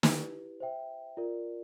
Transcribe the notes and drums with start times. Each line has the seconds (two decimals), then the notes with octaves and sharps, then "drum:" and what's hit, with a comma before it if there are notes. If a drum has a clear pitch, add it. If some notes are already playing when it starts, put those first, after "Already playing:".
0.03 E4 G4 B4, drum: snare
0.60 C5 E5 G5
1.17 F4 A#4 D5